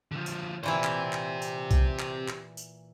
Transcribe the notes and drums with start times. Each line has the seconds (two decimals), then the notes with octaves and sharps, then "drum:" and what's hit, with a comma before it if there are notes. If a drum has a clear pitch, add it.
0.12 D3 F3
0.26 drum: tambourine
0.64 A#2 E3 E4 G4 C5
0.84 drum: clap
1.13 drum: clap
1.42 drum: tambourine
1.71 drum: kick B1, tambourine
2.00 drum: clap
2.28 drum: clap
2.57 drum: tambourine